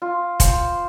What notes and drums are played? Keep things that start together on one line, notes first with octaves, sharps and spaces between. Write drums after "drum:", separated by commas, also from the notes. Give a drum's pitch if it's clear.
F4
C5, drum: kick, hi-hat